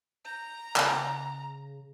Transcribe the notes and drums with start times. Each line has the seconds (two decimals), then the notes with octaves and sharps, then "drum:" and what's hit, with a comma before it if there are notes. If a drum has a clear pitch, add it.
0.25 A#5 G6
0.76 C#3, drum: clap